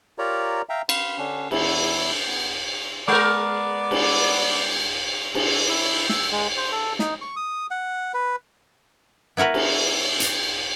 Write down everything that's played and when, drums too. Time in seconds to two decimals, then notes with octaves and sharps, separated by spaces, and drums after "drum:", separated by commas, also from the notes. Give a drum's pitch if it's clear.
0.18 F4 G4 A#4 C#5 D5 A#5
0.69 E5 F5 G5 A#5
0.89 F5 B5 C6, drum: cymbal
1.18 D3 C#4 D4
1.51 E2 E4, drum: cymbal
2.27 B3
3.08 G#3 B3 A#4 D5
3.91 drum: cymbal
5.34 drum: cymbal
5.68 E4
6.09 E6, drum: snare
6.32 G#3
6.57 C5
6.72 A4
6.99 D#4, drum: snare
7.22 C#6
7.36 D#6
7.71 F#5
8.14 B4
9.37 B3 E4 F#4 A#4 B4
9.54 drum: cymbal
10.20 drum: hi-hat